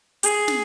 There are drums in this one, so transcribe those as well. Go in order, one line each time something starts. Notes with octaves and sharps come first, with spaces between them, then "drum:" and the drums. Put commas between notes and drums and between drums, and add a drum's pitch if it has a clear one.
G#4, drum: hi-hat
drum: snare